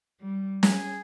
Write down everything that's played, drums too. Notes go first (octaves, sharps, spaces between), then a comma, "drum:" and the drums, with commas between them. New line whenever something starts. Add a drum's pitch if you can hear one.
G3
G#4, drum: snare